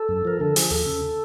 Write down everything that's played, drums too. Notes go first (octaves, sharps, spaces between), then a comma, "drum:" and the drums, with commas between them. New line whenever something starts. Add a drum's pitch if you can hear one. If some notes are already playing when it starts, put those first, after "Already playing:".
Already playing: A4
F#2
F3 A#4
D3 A4
F3 G#4, drum: open hi-hat
D#2 A4
C#3